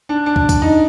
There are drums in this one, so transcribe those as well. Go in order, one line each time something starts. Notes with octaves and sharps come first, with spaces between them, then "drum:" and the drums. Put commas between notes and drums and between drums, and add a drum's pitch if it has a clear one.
D4
D4
drum: kick
drum: kick, tambourine
D#4